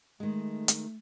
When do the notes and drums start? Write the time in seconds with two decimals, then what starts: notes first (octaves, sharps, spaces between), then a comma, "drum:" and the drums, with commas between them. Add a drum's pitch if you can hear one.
0.20 D#3 G#3 A3
0.68 drum: hi-hat